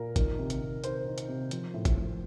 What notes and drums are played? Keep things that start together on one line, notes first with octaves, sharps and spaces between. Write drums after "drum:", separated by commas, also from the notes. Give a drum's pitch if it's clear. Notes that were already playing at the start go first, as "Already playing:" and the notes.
Already playing: A#2 A#4
D#3, drum: kick, hi-hat
C3
drum: hi-hat
C3
D#3 C5, drum: hi-hat
D#3
drum: hi-hat
C3
F3, drum: hi-hat
A2
drum: kick, hi-hat
A2